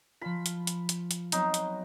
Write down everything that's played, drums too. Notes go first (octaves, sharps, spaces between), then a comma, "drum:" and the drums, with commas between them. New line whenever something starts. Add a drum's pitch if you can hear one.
F3 F4 B5
drum: hi-hat
drum: hi-hat
drum: hi-hat
drum: hi-hat
F#3 B3 C4 D#4, drum: hi-hat
drum: hi-hat